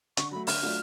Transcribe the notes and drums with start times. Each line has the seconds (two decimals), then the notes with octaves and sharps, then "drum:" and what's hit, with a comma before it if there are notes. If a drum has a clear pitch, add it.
0.17 D3 C#6, drum: hi-hat
0.31 F#3 A3 B5
0.47 D3 F6, drum: open hi-hat
0.62 F#3 A3 D4 F4